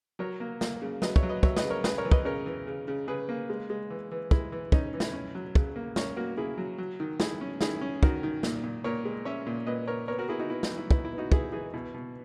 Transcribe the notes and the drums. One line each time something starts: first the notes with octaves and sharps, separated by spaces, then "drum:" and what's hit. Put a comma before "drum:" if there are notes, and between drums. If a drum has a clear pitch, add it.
F#3 A#4 C#5
A#3
A#3, drum: snare
C#3
F#3 B4 D#5, drum: snare
C#5 E5, drum: kick
F#3
B4 D#5
F#3 C#5 E5, drum: kick
B4 D#5, drum: snare
C#3
A#4 C#5
C#3 G#4 B4, drum: snare
A#4 C#5
E3
B4 D#5, drum: kick
C#3 A#4 C#5
E3
C#3
C#3
C#3 G#4 B4
A#3
G#3
G#3
E3
E3
G#3 E4, drum: kick
E3
C#4 D#4, drum: kick
E3
E4, drum: snare
C#4
F#3
C#3, drum: kick
A#3
C#4 A#4 C#5, drum: snare
A#3 F#4 A#4
C#3 E4 G#4
F#3
F#3
D#3
D#3 E4 G#4, drum: snare
C#4
D#3 E4 G#4, drum: snare
C#4
D#3 F#4 A#4, drum: kick
D#3
A#2, drum: snare
A#2
A#2 A#4 C#5
G#3
C#4 C#5 E5
A#2
A#2 B4 D#5
A#2 A#4 C#5
B3 A#4 C#5
F#4 A#4
B3 E4 G#4
D#4 F#4
B3 E4
D#4, drum: snare
E3
E4
B3 E4, drum: kick
E4
B3
D#4 F#4
B3 E4 G#4, drum: kick
E3 E4 G#4
B2 E4
B2